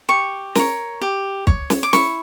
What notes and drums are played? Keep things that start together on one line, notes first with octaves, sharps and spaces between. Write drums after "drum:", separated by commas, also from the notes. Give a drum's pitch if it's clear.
G4 C#6
A#4 C#5, drum: snare
G4
C#5, drum: kick
drum: snare
D6
E4 C#6, drum: snare